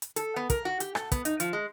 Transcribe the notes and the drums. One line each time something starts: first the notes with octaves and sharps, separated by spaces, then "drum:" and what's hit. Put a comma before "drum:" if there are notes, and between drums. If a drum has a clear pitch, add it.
drum: hi-hat
A4, drum: hi-hat
B3
A#4, drum: kick, hi-hat
F#4
G4, drum: hi-hat
A4, drum: rim click
B3, drum: kick, hi-hat
D#4, drum: hi-hat
F3, drum: hi-hat
G#3